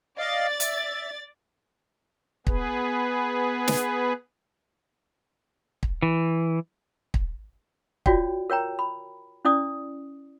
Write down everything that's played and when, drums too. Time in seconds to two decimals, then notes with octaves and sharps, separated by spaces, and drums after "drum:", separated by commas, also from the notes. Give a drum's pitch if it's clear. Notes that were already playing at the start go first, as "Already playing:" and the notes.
0.18 D5 D#5 F5 A6
0.60 E5, drum: hi-hat
2.47 B3 G#4 B4, drum: kick
3.68 drum: snare
5.83 drum: kick
6.02 E3
7.14 drum: kick
8.06 F4 F#4 C#5 D5 G5, drum: kick
8.50 A#4 C#5 G5 A#5
8.79 B5
9.45 C#4 E4 D5 D#6